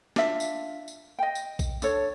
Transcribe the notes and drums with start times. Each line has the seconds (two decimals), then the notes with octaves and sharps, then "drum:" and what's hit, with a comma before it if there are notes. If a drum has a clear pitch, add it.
0.16 D4 F4 E5, drum: snare
0.40 drum: tambourine
0.88 drum: tambourine
1.19 D#5 G5
1.35 drum: tambourine
1.59 drum: kick A#1, tambourine
1.82 D4 A4 C#5, drum: tambourine